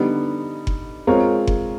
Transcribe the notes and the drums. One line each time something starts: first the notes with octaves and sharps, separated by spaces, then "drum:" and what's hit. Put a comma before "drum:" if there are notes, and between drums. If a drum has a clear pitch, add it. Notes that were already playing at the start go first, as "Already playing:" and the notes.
Already playing: D3 G3 B3 D#4
drum: kick F#1
G#3 C4 F4 A#4 C#5
drum: kick F#1